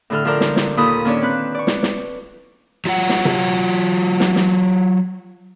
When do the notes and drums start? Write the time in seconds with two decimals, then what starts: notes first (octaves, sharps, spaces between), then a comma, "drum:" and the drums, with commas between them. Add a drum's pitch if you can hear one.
0.10 A2 D3 A4 F6
0.25 F3 D4 A4 A#4 D5
0.41 drum: snare
0.56 drum: snare
0.77 D#2 A#2 A4 B5 D#6
1.04 D#3 A#3 C#4 D4 C#5 D5
1.22 C4 B4 F#6
1.55 D5 C#6
1.67 drum: snare
1.83 drum: snare
2.85 F#3 F4 C#5 F#5
3.09 drum: snare
3.25 drum: tom C3
4.20 drum: snare
4.36 drum: snare